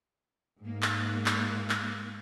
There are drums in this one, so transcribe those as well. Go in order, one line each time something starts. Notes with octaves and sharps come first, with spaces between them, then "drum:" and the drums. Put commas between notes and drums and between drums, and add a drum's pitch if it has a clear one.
G#2 A#3
drum: clap
drum: clap
drum: clap